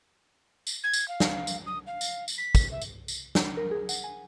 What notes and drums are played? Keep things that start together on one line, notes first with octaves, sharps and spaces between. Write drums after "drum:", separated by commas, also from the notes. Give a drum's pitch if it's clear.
drum: tambourine
G#6
drum: tambourine
F5
drum: snare
drum: tambourine
D#6
F5
drum: tambourine
drum: tambourine
B6
drum: kick, tambourine
E5
drum: tambourine
drum: tambourine
drum: snare
A#4
G#4
F#5, drum: tambourine
G#5